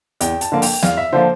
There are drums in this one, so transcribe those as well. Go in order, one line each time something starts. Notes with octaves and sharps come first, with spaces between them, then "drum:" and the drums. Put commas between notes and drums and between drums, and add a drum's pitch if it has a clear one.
E2 G5, drum: hi-hat
A5, drum: hi-hat
D3 F3 A#3
G5, drum: open hi-hat
E2 F5, drum: snare
E5
D3 F3 A#3 C5